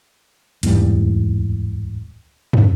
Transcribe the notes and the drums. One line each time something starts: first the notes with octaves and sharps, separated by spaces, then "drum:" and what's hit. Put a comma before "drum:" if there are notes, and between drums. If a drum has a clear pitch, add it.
D1 E2 G#2 G3, drum: hi-hat
drum: tom